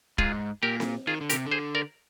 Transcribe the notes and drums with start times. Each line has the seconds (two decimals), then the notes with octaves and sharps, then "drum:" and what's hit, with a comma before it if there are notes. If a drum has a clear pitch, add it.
0.18 G#2 F4 G#4, drum: kick
0.63 A#2 G4 A#4
0.80 drum: snare C4
1.07 D#3 F4 G#4
1.21 D3
1.29 G4 A#4, drum: hi-hat
1.32 C3
1.46 D3
1.51 G#4 C5
1.75 A#4 D5